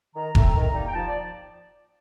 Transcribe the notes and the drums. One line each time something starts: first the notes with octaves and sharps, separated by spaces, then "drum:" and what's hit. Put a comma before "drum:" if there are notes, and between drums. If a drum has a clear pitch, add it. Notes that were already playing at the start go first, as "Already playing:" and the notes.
D#3 A#5
A3 C4, drum: kick E1
D#3
G3 A#3 D#4
G5
F3 A5
D5